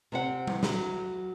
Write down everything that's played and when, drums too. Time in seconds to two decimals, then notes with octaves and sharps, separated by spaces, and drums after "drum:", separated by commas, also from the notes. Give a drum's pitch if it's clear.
0.12 C3 C4 F#5
0.47 drum: tom G3
0.63 F#3, drum: snare